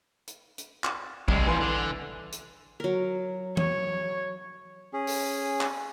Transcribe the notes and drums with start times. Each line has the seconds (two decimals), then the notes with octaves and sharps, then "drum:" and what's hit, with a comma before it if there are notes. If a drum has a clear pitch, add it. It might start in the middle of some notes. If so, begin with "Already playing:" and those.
0.27 drum: hi-hat
0.58 drum: hi-hat
0.84 drum: clap
1.28 C2 G#3 C4, drum: kick
1.47 G2 E3 F3 G#5 C6
1.61 D3
2.32 drum: hi-hat
2.80 F#3 A#4
3.57 C#5, drum: tom
4.93 C#4 G#4
5.07 drum: open hi-hat
5.61 drum: clap